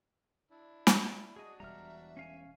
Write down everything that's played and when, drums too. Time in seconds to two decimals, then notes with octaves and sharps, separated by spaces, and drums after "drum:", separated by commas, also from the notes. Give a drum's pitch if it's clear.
0.51 D4 E4
0.87 drum: snare
1.36 D4 F#4 G#4 D#5 D#6
1.60 E1 G3 E5 A#5 F6
2.17 C#4 F5 G#5